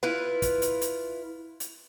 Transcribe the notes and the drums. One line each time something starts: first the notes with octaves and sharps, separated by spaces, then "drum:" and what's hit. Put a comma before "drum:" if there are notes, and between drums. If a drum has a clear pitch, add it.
E4 F4 B4
drum: kick, hi-hat
drum: hi-hat
drum: hi-hat
drum: hi-hat